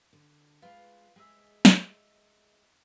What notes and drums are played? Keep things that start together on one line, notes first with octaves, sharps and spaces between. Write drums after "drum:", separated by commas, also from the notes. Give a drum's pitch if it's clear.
D3
G#3 F4 B4
G#3 G#4 D#5 E5
drum: snare